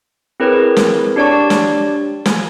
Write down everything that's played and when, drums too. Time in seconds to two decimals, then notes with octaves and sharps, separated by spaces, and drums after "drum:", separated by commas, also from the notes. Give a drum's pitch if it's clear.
0.40 C4 E4 G#4 A#4 B4 C#5
0.76 drum: snare
1.16 D4 G4 C#5 D5 A5 C#6
1.50 drum: snare
2.26 G#5, drum: snare